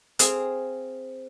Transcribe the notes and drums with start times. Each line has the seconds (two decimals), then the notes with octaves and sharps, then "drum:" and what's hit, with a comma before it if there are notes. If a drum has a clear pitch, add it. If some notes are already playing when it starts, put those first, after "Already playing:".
0.19 C4 G#4 F5, drum: hi-hat